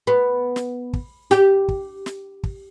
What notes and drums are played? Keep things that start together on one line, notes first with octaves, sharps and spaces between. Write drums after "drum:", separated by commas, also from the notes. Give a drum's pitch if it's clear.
B3
drum: snare
drum: kick
G4, drum: snare
drum: kick
drum: snare
drum: kick